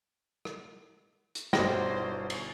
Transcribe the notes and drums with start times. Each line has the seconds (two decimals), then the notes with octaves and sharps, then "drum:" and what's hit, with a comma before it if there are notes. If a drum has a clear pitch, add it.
0.45 drum: rim click
1.35 drum: hi-hat
1.53 G1 B2 G3 E4 F#4 C5 G5 A#6, drum: snare
2.30 drum: cymbal